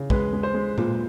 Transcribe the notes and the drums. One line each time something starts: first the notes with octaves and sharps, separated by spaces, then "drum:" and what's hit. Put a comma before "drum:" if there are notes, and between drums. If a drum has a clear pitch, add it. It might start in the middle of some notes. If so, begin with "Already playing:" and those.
Already playing: C#3
G#3 B4, drum: kick
G#3
C5
G#3
A#2, drum: tom A2